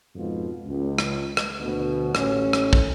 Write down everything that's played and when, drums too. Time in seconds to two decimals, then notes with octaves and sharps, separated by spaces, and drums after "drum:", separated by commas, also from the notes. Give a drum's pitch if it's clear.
0.14 F2 G#2 B2 F4
0.65 C#2
0.98 drum: rim click
1.37 drum: rim click
1.60 D2 B2
2.15 A1 C#4, drum: rim click
2.53 drum: rim click
2.73 drum: kick